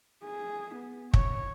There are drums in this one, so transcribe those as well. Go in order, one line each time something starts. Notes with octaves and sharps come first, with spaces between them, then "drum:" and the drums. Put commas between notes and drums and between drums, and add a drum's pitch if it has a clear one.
G#4
B3
C#5, drum: kick